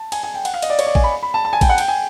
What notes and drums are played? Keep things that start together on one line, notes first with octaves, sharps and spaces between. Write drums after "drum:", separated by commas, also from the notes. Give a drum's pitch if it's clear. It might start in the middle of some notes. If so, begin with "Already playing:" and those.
Already playing: A5
G#5, drum: cymbal
G#5
G5
F#5, drum: cymbal
F5
D#5, drum: cymbal
D5
C#5, drum: cymbal
D5
G#5, drum: kick A1
B5
B5
A5
A5
G#5
G5, drum: kick A1, cymbal
F#5
G5, drum: cymbal
G#5